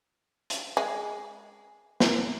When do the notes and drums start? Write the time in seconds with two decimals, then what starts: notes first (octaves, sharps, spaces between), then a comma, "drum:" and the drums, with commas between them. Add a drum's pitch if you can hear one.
0.50 drum: hi-hat
0.77 G#3
2.00 drum: snare